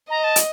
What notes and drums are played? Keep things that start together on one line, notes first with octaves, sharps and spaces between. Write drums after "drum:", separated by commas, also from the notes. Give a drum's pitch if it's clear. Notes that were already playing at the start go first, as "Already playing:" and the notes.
D#5 A#5
A5
drum: hi-hat